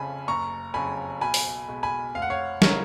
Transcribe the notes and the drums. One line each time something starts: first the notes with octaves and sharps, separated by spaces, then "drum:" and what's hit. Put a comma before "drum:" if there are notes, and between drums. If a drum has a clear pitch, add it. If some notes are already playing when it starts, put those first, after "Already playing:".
Already playing: F1 F2 C#3 G#5 B5
F#1 A#5 C#6
F2 C#3 F#3 G#5 B5
B1 G#5 B5
drum: open hi-hat
B2 G#3
G#5 B5
F1 F5
F#5
C#5 F5
C#3 F#3 A#4 C#5, drum: snare